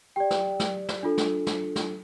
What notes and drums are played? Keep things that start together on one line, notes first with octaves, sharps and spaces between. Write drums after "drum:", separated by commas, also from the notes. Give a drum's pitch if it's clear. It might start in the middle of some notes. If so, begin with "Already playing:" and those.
G4 D5 G5
drum: snare
drum: snare
drum: snare
D4 F4 A4
drum: snare
drum: snare
drum: snare